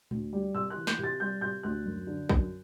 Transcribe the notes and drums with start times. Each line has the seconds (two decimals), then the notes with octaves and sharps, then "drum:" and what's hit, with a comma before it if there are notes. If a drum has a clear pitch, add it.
0.11 D2, drum: tom A2
0.33 G3
0.54 C3 E6
0.70 F#6
0.76 E3
0.87 G6, drum: snare
0.99 C3 A6
1.20 G3 G6
1.41 C3 G6
1.63 D2 F#6
1.86 F#2
2.07 D3
2.29 F#2, drum: kick